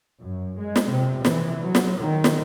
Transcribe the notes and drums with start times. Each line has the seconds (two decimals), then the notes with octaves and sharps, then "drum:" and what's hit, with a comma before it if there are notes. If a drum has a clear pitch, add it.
0.21 F#2
0.58 G#3
0.76 drum: snare
0.89 C3
1.25 E3, drum: snare
1.64 F#3
1.75 drum: snare
1.99 D#3
2.24 drum: snare